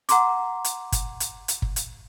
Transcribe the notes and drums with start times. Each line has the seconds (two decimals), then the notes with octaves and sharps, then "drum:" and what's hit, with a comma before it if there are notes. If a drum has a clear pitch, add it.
0.09 F#5 A#5 C6 D6, drum: hi-hat
0.64 drum: hi-hat
0.92 drum: kick G1, hi-hat
1.20 drum: hi-hat
1.48 drum: hi-hat
1.62 drum: kick G1
1.76 drum: hi-hat